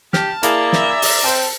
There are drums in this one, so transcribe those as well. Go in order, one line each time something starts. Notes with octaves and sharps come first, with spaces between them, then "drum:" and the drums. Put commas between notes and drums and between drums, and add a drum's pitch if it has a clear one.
G4 A5 F6, drum: snare
A#3 E4 G#4 D5 A#5, drum: hi-hat
E5, drum: snare
drum: open hi-hat
C4 C5 A5